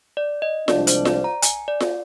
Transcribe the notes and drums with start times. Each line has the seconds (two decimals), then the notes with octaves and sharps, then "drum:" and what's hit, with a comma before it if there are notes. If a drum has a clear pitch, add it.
0.17 D5
0.42 D#5
0.68 C2 C3 F3 G#3 D4 D5, drum: snare F4
0.87 C5, drum: hi-hat
1.05 D5, drum: snare F4
1.24 A#5
1.42 G#5, drum: hi-hat
1.68 D5
1.80 drum: snare F4